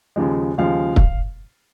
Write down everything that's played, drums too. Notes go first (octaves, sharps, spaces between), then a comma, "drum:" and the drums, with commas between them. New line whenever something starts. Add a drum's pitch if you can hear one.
D#2 C#3 F3 G#3
D#2 C#3 F3 G#3 F5
drum: kick